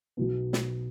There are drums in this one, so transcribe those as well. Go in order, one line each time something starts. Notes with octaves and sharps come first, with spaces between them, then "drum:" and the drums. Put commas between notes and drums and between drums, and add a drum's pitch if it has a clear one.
B1 B2 B3
drum: snare